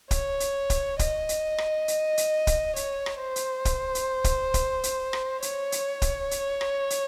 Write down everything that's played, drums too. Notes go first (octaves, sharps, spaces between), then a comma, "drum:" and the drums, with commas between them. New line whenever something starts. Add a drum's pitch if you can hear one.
C#5, drum: kick, hi-hat
drum: hi-hat
drum: kick, hi-hat
D#5, drum: kick, hi-hat
drum: hi-hat
drum: rim click
drum: hi-hat
drum: hi-hat
drum: kick, hi-hat
C#5, drum: hi-hat
drum: rim click
C5
drum: hi-hat
drum: kick, hi-hat
drum: hi-hat
drum: kick, hi-hat
drum: kick, hi-hat
drum: hi-hat
drum: rim click
C#5, drum: hi-hat
drum: hi-hat
drum: kick, hi-hat
drum: hi-hat
drum: rim click
drum: hi-hat